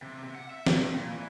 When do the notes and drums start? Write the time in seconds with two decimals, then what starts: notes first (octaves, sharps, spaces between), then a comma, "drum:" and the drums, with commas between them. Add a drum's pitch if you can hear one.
0.02 C3
0.24 C3
0.35 F#5
0.50 E5
0.67 G#2, drum: snare
0.78 G2
0.94 A#2
1.10 E3